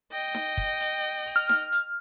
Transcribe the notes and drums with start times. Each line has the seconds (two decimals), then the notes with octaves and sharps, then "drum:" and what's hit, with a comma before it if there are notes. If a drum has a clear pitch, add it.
0.12 D#5 G5
0.34 drum: snare D#4
0.57 drum: kick
0.80 drum: hi-hat
1.26 drum: open hi-hat
1.36 F6
1.49 drum: snare D#4
1.72 drum: hi-hat